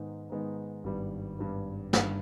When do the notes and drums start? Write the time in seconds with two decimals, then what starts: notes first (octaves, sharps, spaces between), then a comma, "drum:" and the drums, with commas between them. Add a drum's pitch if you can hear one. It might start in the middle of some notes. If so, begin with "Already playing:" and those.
Already playing: G#2 D#3 G#3 B3 D#4
0.30 G#2 D#3 G#3 B3 D#4
0.84 G#1 G2 G3 B3
1.39 G#1 G2 G3 B3
1.93 G1 G2 D#3, drum: snare